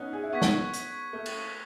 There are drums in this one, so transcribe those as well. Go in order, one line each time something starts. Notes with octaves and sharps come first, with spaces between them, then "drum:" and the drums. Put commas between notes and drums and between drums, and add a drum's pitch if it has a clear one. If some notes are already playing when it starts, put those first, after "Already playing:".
Already playing: B3 C#4 D#4 F#6 C#7
G#4
E4
B3 C#6 G#6 B6
drum: snare
drum: hi-hat
A3
drum: cymbal